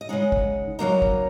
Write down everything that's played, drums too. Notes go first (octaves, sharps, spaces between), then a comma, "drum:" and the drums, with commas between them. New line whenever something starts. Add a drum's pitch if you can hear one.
D#5
C#3 G#3 D#4 F#5
drum: kick
C#3 F#3 A#3 D#4 A#5
drum: kick